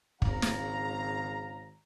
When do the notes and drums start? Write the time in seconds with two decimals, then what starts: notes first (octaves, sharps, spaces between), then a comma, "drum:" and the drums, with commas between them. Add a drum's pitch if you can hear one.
0.22 G#1 C#3 F5 A#5, drum: kick
0.42 drum: snare